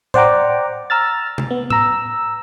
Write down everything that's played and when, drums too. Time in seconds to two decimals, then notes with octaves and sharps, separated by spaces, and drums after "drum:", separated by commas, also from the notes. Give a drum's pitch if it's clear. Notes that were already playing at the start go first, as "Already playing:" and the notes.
0.14 C5 D5 F#5 G5 A#5 D6, drum: tom A2
0.90 A#5 E6 F6 A6
1.38 drum: tom C3
1.50 B3
1.70 A#5 E6, drum: tom A2